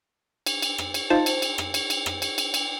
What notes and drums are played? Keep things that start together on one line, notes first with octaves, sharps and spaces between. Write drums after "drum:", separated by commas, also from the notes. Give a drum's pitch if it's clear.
drum: cymbal
drum: cymbal
drum: rim click
drum: cymbal
D#4 F4 C5 A5
drum: cymbal
drum: cymbal
drum: rim click
drum: cymbal
drum: cymbal
drum: rim click
drum: cymbal
drum: cymbal
drum: cymbal